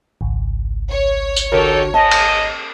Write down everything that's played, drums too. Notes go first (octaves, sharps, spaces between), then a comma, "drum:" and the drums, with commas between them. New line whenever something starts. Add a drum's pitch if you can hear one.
G#1 C#2
C#5
drum: tambourine
D3 D#4 F#4 G4 A4 A#4
G#2 D#5 A5
drum: cymbal